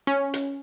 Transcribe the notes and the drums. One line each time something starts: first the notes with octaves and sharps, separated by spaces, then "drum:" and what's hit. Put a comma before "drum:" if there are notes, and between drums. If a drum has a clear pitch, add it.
C#4
drum: hi-hat